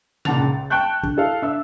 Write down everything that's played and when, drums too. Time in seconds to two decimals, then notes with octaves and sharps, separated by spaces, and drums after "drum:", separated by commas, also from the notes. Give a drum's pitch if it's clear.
0.25 F#1 A#2 F#5 A5 A6 F7, drum: tom B2
0.39 C#2
0.70 G5 A5 C#6 F#6 G6
1.03 D3, drum: kick
1.17 E4 A4 F5
1.42 D4 E5 E6